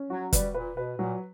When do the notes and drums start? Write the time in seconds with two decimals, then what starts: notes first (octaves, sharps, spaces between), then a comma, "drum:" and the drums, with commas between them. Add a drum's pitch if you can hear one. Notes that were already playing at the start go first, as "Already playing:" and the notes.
Already playing: C#4
0.10 F#3 F#4
0.33 G3 B4, drum: kick, hi-hat
0.55 A#2 B4
0.77 B2 B4
0.98 A#2 F#3